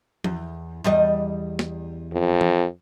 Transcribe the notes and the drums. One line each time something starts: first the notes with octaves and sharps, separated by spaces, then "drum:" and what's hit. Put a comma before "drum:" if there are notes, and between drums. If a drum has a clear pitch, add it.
E2, drum: tom F3
E2 G3 D#5
drum: snare
F2
drum: tom E3